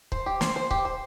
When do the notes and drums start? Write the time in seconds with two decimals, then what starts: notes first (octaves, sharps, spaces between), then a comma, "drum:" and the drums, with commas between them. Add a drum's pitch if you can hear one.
0.12 C5, drum: kick C#1
0.26 G4
0.41 C5, drum: snare
0.56 C5
0.71 G4, drum: kick C#1
0.85 C5